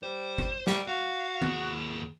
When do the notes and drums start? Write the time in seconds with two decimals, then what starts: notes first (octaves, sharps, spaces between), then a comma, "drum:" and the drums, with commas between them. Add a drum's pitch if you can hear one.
0.03 G3 C5
0.38 drum: kick
0.67 G3, drum: snare
0.87 F#4 F5
1.42 D#2 G#4, drum: tom D#3